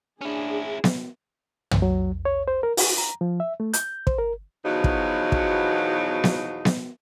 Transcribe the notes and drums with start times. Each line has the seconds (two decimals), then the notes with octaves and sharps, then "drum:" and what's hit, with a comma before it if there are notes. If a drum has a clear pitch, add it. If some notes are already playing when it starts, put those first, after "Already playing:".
0.21 C#4 D4 E4 G#4
0.84 drum: snare B3
1.71 drum: tom
1.82 F#3
2.25 C#5
2.48 C5
2.63 A#4
2.77 F#4, drum: open hi-hat
2.98 A#5
3.21 F3
3.40 E5
3.60 A3
3.73 G6, drum: hi-hat
4.07 C5, drum: kick
4.18 A#4
4.65 E2 B2 F3 F#3 D#4
4.84 drum: kick
5.32 drum: kick
6.24 drum: snare B3
6.65 drum: snare B3